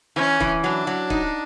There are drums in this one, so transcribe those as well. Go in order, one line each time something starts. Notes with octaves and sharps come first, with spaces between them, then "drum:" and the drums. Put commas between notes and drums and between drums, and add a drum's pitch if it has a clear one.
E3 C#4
E3, drum: kick
F#3 D4
F#3
D#4, drum: kick